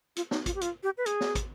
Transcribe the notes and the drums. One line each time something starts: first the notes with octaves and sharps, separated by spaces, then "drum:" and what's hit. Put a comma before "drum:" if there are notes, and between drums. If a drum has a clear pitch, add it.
F4, drum: hi-hat
D#4, drum: snare
F4, drum: kick, hi-hat
G4
F4, drum: hi-hat
G4
B4
G#4, drum: hi-hat
drum: snare
drum: kick, hi-hat